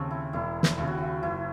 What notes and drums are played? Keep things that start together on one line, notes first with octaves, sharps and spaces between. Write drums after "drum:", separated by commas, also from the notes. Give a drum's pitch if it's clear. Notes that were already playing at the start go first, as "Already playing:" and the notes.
Already playing: D#2 C#3 A3 C4
E4
E1 E4
drum: snare
D#2 C#3 E4
F#4
E4
F#1 E4